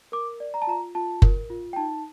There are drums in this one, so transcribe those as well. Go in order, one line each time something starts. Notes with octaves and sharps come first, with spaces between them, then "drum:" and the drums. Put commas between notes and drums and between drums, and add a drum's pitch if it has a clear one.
A#4 D6
D5
A#5
A5
F4 A#5
F4 A5
A#4, drum: kick F#1
F4
G5
D#4 A5